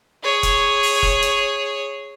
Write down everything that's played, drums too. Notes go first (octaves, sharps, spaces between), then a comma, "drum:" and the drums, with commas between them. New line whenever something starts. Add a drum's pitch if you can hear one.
G#4 C#5
drum: kick F1, hi-hat
drum: open hi-hat
drum: kick F1
drum: hi-hat